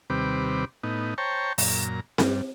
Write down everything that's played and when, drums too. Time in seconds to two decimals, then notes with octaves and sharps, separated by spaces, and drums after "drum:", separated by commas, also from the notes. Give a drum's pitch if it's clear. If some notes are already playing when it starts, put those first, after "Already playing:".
0.10 D#2 C3 G3 C4 B4 D6
0.84 A2 B3 D#4
1.18 C5 C#5 G5 A5 A#5 C#6
1.58 F#2 A#2 A#5, drum: open hi-hat
2.18 G2, drum: snare C4